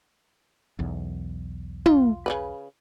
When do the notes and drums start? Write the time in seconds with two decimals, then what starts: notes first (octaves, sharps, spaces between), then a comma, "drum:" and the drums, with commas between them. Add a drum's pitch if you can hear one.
0.79 B1 E2
1.86 F4, drum: tom
2.26 C#3 E3 B4